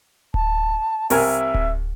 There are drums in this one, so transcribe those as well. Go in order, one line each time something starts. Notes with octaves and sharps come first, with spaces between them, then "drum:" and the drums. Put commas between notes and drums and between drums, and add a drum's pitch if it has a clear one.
A5, drum: kick D1
C2 A#4 E5 G#5, drum: open hi-hat
drum: kick D1